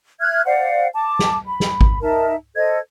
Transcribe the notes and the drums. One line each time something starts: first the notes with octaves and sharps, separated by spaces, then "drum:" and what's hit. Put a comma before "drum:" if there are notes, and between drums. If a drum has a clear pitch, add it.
E5 F6 F#6 G#6
C5 D5 F5 F#5
A5 D6
drum: snare
B5
drum: snare
drum: kick G#1
D#4 A#4 E5 A5
A4 C5 D#5 G#6